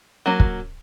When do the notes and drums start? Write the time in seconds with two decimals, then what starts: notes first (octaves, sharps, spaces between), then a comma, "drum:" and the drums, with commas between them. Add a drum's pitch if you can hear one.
0.26 F#3 A#3 C#4
0.40 drum: kick